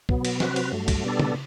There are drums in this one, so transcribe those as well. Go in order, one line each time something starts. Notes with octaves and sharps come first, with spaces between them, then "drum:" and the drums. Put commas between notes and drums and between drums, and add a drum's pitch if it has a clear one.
B2 F#3 B3, drum: kick C2
drum: cymbal
C3 F#3 C4 F#4 B4, drum: snare
drum: cymbal
G2 F#3 A3
drum: kick C2, cymbal
B2 G3 B3 D4 A4
drum: tom